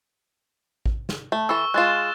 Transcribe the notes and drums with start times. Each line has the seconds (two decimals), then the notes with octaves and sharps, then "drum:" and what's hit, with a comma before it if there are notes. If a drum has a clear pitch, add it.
0.86 drum: kick A1
1.09 drum: snare
1.32 A3
1.49 E3 A4 C#6 E6
1.74 G#3 F4 F#6 A6 E7